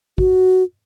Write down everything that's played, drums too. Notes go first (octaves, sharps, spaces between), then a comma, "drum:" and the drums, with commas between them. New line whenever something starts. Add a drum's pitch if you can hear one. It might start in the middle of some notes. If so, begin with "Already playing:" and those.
F#4, drum: kick